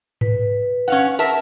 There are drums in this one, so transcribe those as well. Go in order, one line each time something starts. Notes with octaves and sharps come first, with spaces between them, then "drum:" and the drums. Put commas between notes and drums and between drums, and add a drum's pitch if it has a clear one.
B4, drum: tom G#2
C#4 F5 F#5
A#4 E5 A5